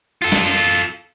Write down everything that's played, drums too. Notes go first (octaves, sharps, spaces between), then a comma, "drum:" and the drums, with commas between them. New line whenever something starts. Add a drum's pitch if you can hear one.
F4 A4
drum: snare